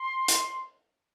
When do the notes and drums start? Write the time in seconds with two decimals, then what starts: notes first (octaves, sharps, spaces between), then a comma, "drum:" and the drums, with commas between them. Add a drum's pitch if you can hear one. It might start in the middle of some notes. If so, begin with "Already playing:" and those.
Already playing: C6
0.28 drum: hi-hat